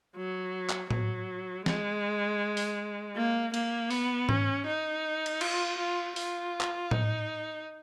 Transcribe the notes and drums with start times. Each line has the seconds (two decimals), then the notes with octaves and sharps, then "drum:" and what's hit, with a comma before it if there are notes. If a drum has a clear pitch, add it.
0.16 F#3
0.69 drum: clap
0.91 F#3, drum: tom A2
1.66 G#3, drum: snare
2.57 drum: open hi-hat
3.16 A#3
3.54 A#3, drum: cymbal
3.91 B3, drum: open hi-hat
4.29 C#4, drum: tom G#2
4.66 D#4
5.26 drum: cymbal
5.41 F4, drum: cymbal
5.78 F4
6.16 F4, drum: open hi-hat
6.61 drum: clap
6.91 D#4, drum: tom A2